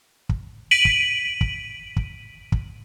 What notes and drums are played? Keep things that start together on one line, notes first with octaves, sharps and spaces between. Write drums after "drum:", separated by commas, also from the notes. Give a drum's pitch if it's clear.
drum: kick
B6 D7 D#7 F#7
drum: kick
drum: kick
drum: kick
drum: kick